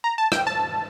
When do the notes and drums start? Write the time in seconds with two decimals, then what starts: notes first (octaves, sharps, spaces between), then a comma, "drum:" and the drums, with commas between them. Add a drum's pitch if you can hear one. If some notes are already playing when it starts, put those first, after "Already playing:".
0.04 A#5
0.18 A5
0.32 G5, drum: rim click
0.47 A5